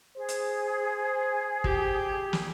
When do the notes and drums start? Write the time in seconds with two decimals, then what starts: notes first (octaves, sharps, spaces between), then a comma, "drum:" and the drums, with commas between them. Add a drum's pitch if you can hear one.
0.16 G#4 C5
0.28 drum: hi-hat
1.64 G4, drum: kick
2.33 drum: snare